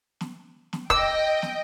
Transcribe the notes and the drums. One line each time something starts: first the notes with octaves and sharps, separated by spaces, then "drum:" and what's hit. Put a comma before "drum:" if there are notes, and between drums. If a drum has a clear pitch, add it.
drum: snare
drum: snare
D#5 G5 E6, drum: kick
drum: snare